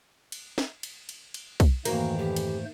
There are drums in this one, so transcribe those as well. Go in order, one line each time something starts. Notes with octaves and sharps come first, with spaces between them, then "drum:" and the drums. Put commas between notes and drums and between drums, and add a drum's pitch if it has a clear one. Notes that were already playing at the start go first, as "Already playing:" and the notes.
drum: cymbal
drum: snare
drum: cymbal
drum: cymbal
drum: cymbal
drum: kick, cymbal
F2 G#2 D#3 E3 A3 A#3 F#4 C5, drum: cymbal
G4
drum: cymbal